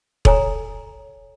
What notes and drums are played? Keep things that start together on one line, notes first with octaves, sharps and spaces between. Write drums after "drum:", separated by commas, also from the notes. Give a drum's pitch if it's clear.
A4 C#5 G#5 A#5, drum: kick E1